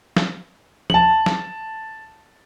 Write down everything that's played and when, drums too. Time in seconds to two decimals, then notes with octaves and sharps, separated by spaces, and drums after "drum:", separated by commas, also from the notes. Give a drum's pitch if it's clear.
0.17 drum: snare
0.90 A5 F#7, drum: tom F3
1.26 drum: snare